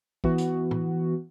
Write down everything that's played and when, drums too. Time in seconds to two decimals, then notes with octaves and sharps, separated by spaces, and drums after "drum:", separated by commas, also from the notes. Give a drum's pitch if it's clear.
0.24 E3 B3 F#4, drum: kick
0.38 drum: hi-hat
0.71 drum: tom A2